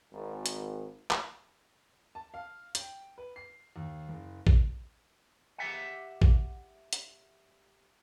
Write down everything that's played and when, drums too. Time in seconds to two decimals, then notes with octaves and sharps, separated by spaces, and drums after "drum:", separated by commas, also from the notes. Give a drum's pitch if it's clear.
0.13 G#1
0.46 drum: hi-hat
1.11 drum: clap
2.15 A5
2.34 F5
2.75 G5, drum: hi-hat
3.18 B4
3.36 C7
3.76 D#2
4.09 F#1
4.47 drum: kick
5.58 G4 E5 F#5
6.22 drum: kick
6.93 drum: hi-hat